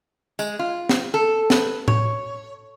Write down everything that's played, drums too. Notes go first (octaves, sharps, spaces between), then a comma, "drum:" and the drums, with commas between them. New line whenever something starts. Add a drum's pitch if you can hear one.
G#3, drum: tambourine
F4
drum: snare
A4
B4, drum: snare
C#5, drum: tom A2